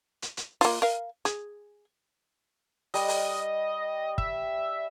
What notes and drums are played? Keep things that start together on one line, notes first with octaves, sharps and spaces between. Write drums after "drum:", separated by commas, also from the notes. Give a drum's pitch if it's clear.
drum: hi-hat
drum: hi-hat
A#3 F4, drum: open hi-hat
A#4 F5
G#4, drum: hi-hat
G3 D#5, drum: open hi-hat
drum: open hi-hat
E5, drum: kick